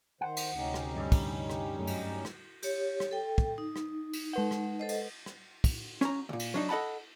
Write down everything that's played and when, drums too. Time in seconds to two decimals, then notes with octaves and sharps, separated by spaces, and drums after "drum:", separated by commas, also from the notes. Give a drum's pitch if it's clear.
0.21 D#3 C5 F#5
0.37 drum: cymbal
0.55 D2 C3 C#4 D#4 G4
0.74 drum: rim click
0.96 G2 G3
1.12 drum: kick, cymbal
1.50 drum: rim click
1.73 F#2 A3
1.87 drum: cymbal
2.25 drum: rim click
2.63 G4 C#5, drum: cymbal
3.00 drum: rim click
3.11 A4 G5
3.38 drum: kick
3.58 D#4
3.76 drum: rim click
4.13 drum: cymbal
4.33 G#3 B4 F#5
4.51 drum: rim click
4.79 A4 C5 D#5
4.89 drum: cymbal
5.26 drum: rim click
5.64 drum: kick, cymbal
6.01 C#4 A#5, drum: rim click
6.29 D2 A#2
6.39 drum: cymbal
6.54 F#3 D4 D#4
6.69 A4 D#5 F#5 A5 B5